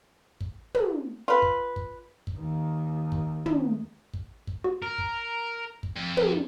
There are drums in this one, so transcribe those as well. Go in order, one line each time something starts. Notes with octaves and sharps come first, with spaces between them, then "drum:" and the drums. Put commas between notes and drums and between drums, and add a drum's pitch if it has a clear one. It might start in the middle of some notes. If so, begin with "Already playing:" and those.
drum: kick
drum: tom
F4 B4
drum: kick
drum: kick
drum: kick
D#2 D#3
drum: kick
drum: tom
drum: kick
drum: kick
F#4
A#4
drum: kick
drum: kick
F2
drum: tom